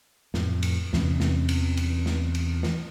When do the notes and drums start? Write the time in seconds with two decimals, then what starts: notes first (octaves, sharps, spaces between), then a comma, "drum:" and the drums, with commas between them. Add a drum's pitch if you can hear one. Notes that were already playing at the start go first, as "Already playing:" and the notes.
0.34 F2 A2, drum: snare
0.63 drum: cymbal
0.93 E2 C3 E3 C#4, drum: snare
1.20 drum: snare
1.49 drum: cymbal
1.77 drum: cymbal
2.06 drum: snare
2.35 drum: cymbal
2.63 drum: snare